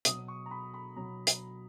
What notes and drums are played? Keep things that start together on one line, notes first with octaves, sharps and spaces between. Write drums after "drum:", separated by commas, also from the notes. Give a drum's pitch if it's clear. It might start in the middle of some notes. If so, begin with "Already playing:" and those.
B2 F#3 D#6, drum: hi-hat
C#6
A#5
B5
B5
B2 F#3 A#5
drum: hi-hat